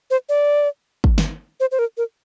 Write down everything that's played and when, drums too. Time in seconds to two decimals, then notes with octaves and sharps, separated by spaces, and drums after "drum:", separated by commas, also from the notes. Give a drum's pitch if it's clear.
0.11 C5
0.29 D5
1.04 drum: kick
1.18 drum: snare
1.60 C5
1.71 C5
1.79 A#4
1.97 A#4